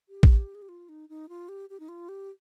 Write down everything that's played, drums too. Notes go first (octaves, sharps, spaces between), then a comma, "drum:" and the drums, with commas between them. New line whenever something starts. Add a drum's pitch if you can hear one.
G4
drum: kick A#1
G#4
G4
F4
D#4
D#4
F4
G4
G4
D#4
F4
G4